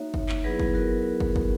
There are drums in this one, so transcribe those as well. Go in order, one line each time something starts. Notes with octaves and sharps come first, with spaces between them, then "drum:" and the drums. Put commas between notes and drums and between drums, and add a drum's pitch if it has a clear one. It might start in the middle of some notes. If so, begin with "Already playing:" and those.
Already playing: A#3 D#4 F#4 C#5 E5
drum: kick
drum: clap
F#3 B3 E4 G#4 B4
drum: kick
F#4 A#4
drum: kick
drum: kick